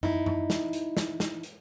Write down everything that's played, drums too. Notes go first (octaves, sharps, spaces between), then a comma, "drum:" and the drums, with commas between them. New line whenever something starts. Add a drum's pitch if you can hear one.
D#4 E4, drum: tom F#2
drum: tom F#2
drum: snare
drum: hi-hat
drum: snare
drum: snare
drum: hi-hat